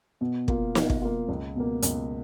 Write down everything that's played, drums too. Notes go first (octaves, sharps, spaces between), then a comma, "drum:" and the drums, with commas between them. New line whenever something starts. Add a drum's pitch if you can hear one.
B2
A#3 F4, drum: kick
B2, drum: snare
drum: kick
A#3 F4
C#2
B2 A#3
C#2, drum: hi-hat